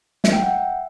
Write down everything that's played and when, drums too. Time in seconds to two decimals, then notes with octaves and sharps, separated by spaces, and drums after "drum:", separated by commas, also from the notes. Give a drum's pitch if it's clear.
0.24 E5, drum: snare
0.33 G5
0.43 F#5
0.52 E5